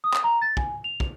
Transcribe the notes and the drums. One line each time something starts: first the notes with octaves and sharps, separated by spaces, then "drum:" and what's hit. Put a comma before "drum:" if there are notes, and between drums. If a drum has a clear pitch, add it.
D#6
drum: clap
A#5
A6
G#5, drum: kick
F7
drum: kick